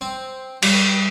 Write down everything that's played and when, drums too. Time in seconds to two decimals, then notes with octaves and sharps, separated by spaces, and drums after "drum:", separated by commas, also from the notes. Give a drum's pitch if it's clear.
0.01 C4
0.62 G3, drum: cymbal